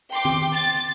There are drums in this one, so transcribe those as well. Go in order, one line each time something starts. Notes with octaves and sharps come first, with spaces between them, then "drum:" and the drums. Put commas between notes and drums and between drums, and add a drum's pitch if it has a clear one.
G5 C6 D6
drum: tom
A6